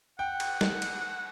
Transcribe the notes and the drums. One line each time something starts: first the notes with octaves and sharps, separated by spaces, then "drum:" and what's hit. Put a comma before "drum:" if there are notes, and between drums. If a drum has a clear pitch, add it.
F#5 G5
drum: cymbal
drum: snare
drum: cymbal